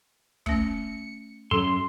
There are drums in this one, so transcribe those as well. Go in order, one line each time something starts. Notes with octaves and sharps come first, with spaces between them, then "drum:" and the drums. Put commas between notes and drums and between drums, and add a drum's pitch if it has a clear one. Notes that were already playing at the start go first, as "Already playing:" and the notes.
A3 C#4 C#7, drum: kick
F#2 A4 C6